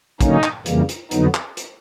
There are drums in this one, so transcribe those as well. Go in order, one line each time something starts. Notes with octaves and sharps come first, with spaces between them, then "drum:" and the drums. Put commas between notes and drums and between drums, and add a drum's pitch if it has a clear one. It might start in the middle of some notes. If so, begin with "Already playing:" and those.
D3 F#3 A#3 C#4 D#4, drum: kick, hi-hat
drum: clap
F2 C#3 E3 G3 A#3, drum: hi-hat
drum: hi-hat
F2 D3 F#3 B3 D#4, drum: hi-hat
drum: clap
drum: hi-hat